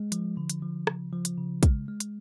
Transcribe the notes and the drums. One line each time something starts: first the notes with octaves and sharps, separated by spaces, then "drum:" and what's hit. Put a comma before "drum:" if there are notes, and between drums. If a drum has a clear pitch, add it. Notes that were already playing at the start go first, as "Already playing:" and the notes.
Already playing: G#3
F3, drum: hi-hat
D3
drum: hi-hat
F3
C#3, drum: rim click
F3
drum: hi-hat
C#3
G#3, drum: kick, hi-hat
G#3
drum: hi-hat